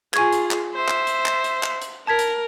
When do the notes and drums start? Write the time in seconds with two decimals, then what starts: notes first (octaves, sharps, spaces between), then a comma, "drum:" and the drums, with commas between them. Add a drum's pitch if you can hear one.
0.14 F4 G#4 G#5 C#6 G#6, drum: clap
0.32 drum: hi-hat
0.51 drum: clap
0.74 C5 E5
0.88 drum: clap
1.07 drum: hi-hat
1.26 drum: clap
1.44 drum: hi-hat
1.63 drum: clap
1.82 drum: hi-hat
2.07 A#4 A5 G#6 B6
2.19 drum: hi-hat